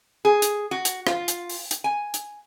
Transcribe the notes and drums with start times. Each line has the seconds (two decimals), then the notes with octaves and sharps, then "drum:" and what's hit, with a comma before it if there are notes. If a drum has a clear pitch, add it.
0.25 G#4
0.42 drum: hi-hat
0.71 F#4
0.85 drum: hi-hat
1.07 F4, drum: rim click
1.28 drum: hi-hat
1.49 drum: open hi-hat
1.71 drum: hi-hat
1.84 G#5
2.14 drum: hi-hat